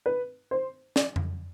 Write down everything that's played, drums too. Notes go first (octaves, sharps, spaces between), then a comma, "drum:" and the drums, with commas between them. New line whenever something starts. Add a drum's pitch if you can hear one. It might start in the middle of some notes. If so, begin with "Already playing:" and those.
B4
C5
D5, drum: snare
drum: tom F2